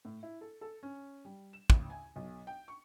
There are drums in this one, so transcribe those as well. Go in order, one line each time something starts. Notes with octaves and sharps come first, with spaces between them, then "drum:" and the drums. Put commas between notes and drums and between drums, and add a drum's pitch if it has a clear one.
A2
E4
A4
A4
C#4
G3
E7
A1, drum: kick
G#5
B1
G5
C#6